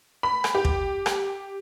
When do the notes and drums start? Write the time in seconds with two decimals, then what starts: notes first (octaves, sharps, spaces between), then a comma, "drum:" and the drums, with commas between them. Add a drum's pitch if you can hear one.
0.23 B5
0.44 drum: rim click
0.55 G4
0.65 drum: kick
1.06 drum: rim click